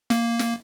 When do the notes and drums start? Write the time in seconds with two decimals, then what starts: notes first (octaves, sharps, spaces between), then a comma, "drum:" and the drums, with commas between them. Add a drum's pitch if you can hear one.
0.10 A#3, drum: snare
0.39 drum: snare